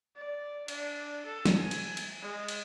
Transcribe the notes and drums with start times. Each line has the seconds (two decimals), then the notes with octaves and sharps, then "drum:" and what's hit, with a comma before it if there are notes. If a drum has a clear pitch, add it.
0.16 D5
0.68 D4, drum: cymbal
1.25 A4
1.46 drum: snare
1.57 G#5
1.71 drum: cymbal
1.97 drum: cymbal
2.21 G#3
2.48 drum: cymbal